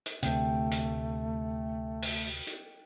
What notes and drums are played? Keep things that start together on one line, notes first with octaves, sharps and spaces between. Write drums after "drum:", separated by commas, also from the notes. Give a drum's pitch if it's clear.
drum: hi-hat
D2 C3 A3 G5, drum: hi-hat
drum: hi-hat
drum: open hi-hat
drum: hi-hat